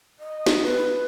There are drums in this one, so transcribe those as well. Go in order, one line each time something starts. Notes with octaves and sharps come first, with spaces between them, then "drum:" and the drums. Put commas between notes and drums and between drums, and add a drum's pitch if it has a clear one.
D#5
drum: snare
B4